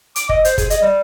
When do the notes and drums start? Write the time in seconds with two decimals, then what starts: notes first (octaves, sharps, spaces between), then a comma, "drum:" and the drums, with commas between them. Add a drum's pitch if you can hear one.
0.16 D6, drum: hi-hat
0.29 D#5, drum: kick
0.45 C5, drum: hi-hat
0.58 G#4, drum: kick, hi-hat
0.70 D#5, drum: hi-hat
0.82 G3